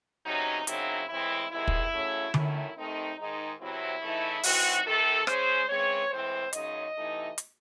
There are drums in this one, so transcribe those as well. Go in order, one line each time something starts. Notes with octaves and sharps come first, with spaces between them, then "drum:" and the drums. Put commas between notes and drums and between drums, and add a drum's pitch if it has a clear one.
E2 C3 F#3 C#4 D#4
F#2 C#3 F#3 C4 D#4 E4, drum: hi-hat
A2 E3 G#3 C4 E4
E2 C3 D#3 G#3 E4
drum: kick
C#3 F#3 A3 C#4
F#2 D#3 A3 C#4 E4, drum: tom D3
C3 D#3 A3 C4 D#4
G#2 D#3 G#3 D#4
E2 C3 F#3 C4 E4
C#3 E3 A3 D#4
A2 E3 C4 D#4 F#4, drum: open hi-hat
C3 D#3 A3 A4
C#3 G#3 C#4 C5, drum: rim click
C#3 E3 G#3 C4 C#5
A2 E3 G#3 C4 C5
F#2 C#3 G#3 D#4 D#5, drum: hi-hat
C3 E3 A3 D#4
drum: hi-hat